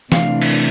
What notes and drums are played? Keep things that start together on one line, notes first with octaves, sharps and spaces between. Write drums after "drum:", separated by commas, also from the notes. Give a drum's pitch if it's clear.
C3 E3 A3 D4 F5, drum: snare
drum: cymbal